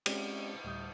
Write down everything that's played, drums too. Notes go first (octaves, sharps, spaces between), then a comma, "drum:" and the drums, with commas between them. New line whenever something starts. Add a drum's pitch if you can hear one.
G#3 C4 C#4 G4 D5, drum: cymbal
D2 A2 G3 D#6 G6